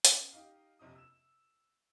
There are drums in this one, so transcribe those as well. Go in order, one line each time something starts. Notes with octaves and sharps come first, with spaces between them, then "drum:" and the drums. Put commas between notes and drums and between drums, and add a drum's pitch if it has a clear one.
B3 C#4, drum: hi-hat
D#4 G4 D#5 F5
A#1 F2 C3 D#5 D#6
E6 E7